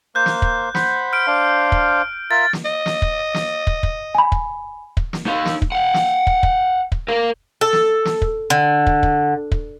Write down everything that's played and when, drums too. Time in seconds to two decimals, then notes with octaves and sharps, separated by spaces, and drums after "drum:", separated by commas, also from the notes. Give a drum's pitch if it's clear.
0.15 A#3 C5 F#6 G6
0.26 drum: snare
0.42 drum: kick
0.75 C5 F#5 B5, drum: snare
1.13 F6 D7
1.27 D4 C5 F5
1.72 drum: kick
2.31 F4 A#4 E5 A6
2.53 drum: snare
2.65 D#5
2.86 drum: snare
3.02 drum: kick
3.34 drum: snare
3.67 drum: kick
3.83 drum: kick
4.15 G#5 B5
4.32 drum: kick
4.97 drum: kick
5.13 drum: snare
5.27 D#4 F5
5.46 drum: snare
5.62 drum: kick
5.72 F5 F#5
5.94 drum: snare
6.27 drum: kick
6.43 drum: kick
6.92 drum: kick
7.08 A#4 F5
7.61 A4
7.73 drum: snare
8.05 drum: snare
8.22 drum: kick
8.50 D3
8.87 drum: kick
9.03 drum: kick
9.52 drum: kick